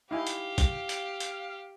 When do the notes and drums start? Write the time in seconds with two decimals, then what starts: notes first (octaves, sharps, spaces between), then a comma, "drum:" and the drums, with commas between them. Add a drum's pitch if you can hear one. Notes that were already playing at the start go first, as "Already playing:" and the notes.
0.11 D#4 E4 G4 F5 G#5
0.27 drum: hi-hat
0.58 drum: kick, hi-hat
0.89 drum: hi-hat
1.20 drum: hi-hat